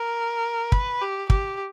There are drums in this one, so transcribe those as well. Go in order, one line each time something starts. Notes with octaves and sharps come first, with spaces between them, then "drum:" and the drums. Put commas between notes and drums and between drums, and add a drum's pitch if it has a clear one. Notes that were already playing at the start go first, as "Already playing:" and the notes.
Already playing: A#4
B4, drum: kick
G4
G4, drum: kick